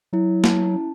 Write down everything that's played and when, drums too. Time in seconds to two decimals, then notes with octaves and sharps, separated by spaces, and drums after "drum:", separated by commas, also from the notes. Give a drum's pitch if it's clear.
0.13 F#3 E4
0.44 A5, drum: snare
0.74 C#4